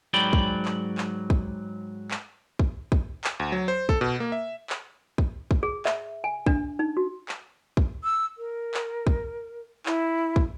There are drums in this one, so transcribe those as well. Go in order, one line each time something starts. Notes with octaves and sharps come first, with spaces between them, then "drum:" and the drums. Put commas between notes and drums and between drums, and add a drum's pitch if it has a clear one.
G#2 F#3 D5 G5 B5
drum: kick
drum: clap
drum: clap
drum: kick
drum: clap
drum: kick
drum: kick
drum: clap
D2
F#3
C5
A4, drum: kick
B2
A#3
E5
drum: clap
drum: kick
drum: kick
G#4
E5, drum: clap
G#5
D4, drum: kick
D#4
F#4
drum: clap
drum: kick
E6
A#4
drum: clap
drum: kick
E4, drum: clap
drum: kick